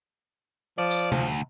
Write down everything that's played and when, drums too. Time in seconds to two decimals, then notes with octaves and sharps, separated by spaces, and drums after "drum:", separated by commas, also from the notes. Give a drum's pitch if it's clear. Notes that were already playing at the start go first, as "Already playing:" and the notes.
0.78 F3 D5
0.90 drum: tambourine
1.12 D2, drum: tom